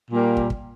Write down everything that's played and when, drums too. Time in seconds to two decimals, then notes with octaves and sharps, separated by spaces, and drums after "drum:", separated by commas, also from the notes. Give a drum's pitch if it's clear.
0.10 A#2 G3 A#3
0.37 drum: kick
0.50 drum: kick